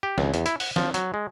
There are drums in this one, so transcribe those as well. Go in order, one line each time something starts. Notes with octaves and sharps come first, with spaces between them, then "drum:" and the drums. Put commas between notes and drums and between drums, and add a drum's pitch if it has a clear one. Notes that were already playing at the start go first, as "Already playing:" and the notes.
G4
C#2, drum: snare
E2, drum: hi-hat
E4, drum: hi-hat
F#5, drum: open hi-hat
F3, drum: snare
F#3, drum: hi-hat
G#3